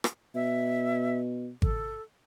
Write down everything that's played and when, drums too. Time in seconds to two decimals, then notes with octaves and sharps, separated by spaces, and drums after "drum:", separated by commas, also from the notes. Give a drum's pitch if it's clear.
0.04 drum: rim click
0.35 B2 E5
1.62 A4, drum: kick G#1